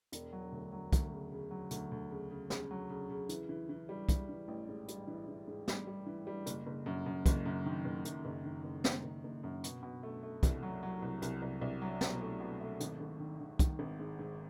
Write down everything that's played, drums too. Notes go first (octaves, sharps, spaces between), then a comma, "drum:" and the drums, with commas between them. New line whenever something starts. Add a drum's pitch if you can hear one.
E1, drum: hi-hat
F#3
D2
F#3
D2, drum: kick, hi-hat
C#3
C#3
F#3
D2, drum: hi-hat
D2
C#3
C#3
C#3, drum: snare
F#3
C#3
C#3
E3, drum: hi-hat
E3
E3
G3
E3, drum: kick, hi-hat
E3
A1
G#2
G3, drum: hi-hat
E3
E3
G#2
G3, drum: snare
G3
E3
G3
F#1, drum: hi-hat
F#1
F#2
F#2
F#1, drum: kick, hi-hat
F#2
D#3
F#1
F#2, drum: hi-hat
F#1
D#3
F#1
D#3, drum: snare
F#1
F#1
F#2
B2, drum: hi-hat
B2
A3
A3
C2, drum: kick, hi-hat
F#3
F#3
C2
C2, drum: hi-hat
C2
C2
F#3
B2, drum: snare
A3
B2
A3
G#1, drum: hi-hat
G#1
D#3
D#3
D#3, drum: kick, hi-hat
G#1
G#2
G#2